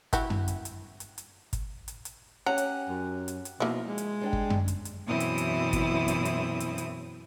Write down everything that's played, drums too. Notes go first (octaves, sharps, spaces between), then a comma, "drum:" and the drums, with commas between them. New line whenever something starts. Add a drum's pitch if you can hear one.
E4 F#4 G4, drum: kick G1, hi-hat
drum: tom F#2
drum: hi-hat
drum: hi-hat
drum: hi-hat
drum: hi-hat
drum: kick G1, hi-hat
drum: hi-hat
drum: hi-hat
C#4 G4 F#5 A#5
drum: hi-hat
F#2
drum: hi-hat
drum: hi-hat
B2 F3 A#3 D#4 E4
G#3
drum: hi-hat
G3 D4 G5
drum: kick G1
drum: tom F#2
drum: hi-hat
drum: hi-hat
F#2 B2 E3 C4 E4 D#6
drum: hi-hat
drum: hi-hat
drum: kick G1, hi-hat
drum: hi-hat
drum: hi-hat
drum: hi-hat
drum: hi-hat